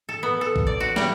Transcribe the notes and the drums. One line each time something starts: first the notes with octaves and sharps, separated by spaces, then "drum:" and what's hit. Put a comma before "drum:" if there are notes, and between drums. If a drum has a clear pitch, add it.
A4
B3
A4
drum: kick A1
D5
F#4
G3, drum: snare